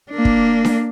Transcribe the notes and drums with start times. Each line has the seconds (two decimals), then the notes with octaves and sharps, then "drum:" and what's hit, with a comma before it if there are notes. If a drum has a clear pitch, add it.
0.12 A#3 D4
0.25 drum: kick
0.65 drum: snare D4